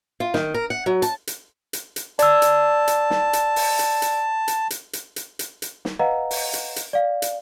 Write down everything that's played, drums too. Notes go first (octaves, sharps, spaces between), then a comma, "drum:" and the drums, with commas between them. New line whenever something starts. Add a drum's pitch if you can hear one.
F4
D#3, drum: snare
A#4
F#5
F#3
A5, drum: hi-hat
drum: hi-hat
drum: hi-hat
drum: hi-hat
D5 A5 E6, drum: hi-hat
drum: hi-hat
drum: hi-hat
drum: snare
drum: hi-hat
drum: open hi-hat
drum: hi-hat
drum: hi-hat
drum: hi-hat
drum: hi-hat
drum: hi-hat
drum: hi-hat
drum: hi-hat
drum: hi-hat
drum: snare
B4 D#5 F5 F#5 A#5
drum: open hi-hat
drum: hi-hat
drum: hi-hat
D5 F5
drum: hi-hat